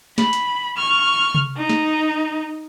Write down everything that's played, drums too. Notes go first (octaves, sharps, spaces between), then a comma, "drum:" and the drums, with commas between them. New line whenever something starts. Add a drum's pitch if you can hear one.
B5, drum: snare
drum: hi-hat
C#6 F6
drum: tom C3
D#4
drum: snare